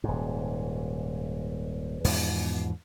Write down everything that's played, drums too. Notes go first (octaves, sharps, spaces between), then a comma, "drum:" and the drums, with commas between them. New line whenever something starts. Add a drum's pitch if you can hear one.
D#1 G#2
E2 G#2 B2 F3, drum: open hi-hat